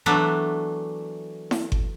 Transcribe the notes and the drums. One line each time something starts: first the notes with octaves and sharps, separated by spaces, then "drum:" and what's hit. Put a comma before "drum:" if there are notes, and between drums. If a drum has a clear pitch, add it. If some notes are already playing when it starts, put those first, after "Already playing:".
E3 F#3 A3 B3 D4
drum: snare E4
drum: kick G1